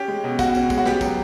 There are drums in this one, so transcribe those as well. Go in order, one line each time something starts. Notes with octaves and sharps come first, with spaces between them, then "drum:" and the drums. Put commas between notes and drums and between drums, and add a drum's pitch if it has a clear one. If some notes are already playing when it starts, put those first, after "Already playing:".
Already playing: C#4 G4
G#3
B2
B2 F#4, drum: kick, tambourine
C#4, drum: tambourine
G#3, drum: kick, tambourine
F#4
B3 G4, drum: snare
F#3, drum: kick, tambourine